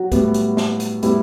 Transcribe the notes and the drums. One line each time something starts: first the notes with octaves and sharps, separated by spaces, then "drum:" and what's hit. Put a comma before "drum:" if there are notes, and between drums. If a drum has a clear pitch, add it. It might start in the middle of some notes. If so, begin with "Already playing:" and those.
Already playing: F#3 F#4
A2 G3 B3, drum: kick, hi-hat
drum: hi-hat
drum: snare
drum: hi-hat
A2 G3 B3 E4, drum: hi-hat